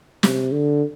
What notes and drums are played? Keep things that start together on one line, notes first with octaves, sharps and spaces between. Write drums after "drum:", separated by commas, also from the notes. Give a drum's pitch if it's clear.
C3, drum: snare
D3